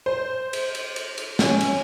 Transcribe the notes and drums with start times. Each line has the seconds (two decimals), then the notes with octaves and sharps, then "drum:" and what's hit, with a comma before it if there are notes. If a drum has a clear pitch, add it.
0.06 C5
0.53 drum: cymbal
0.75 drum: cymbal
0.96 drum: cymbal
1.18 drum: cymbal
1.39 C#4, drum: snare
1.61 drum: cymbal